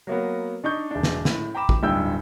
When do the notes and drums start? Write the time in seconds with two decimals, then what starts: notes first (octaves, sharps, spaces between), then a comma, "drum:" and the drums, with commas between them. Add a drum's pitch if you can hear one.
0.07 F#3 A#3 B3
0.64 D4 D#4 C#6 G6
0.91 E1 D4
1.03 drum: snare
1.25 A2, drum: snare
1.55 G5 A#5 B5 D6 E7
1.69 drum: kick
1.83 D1 G2 D#4 G5 E6 G6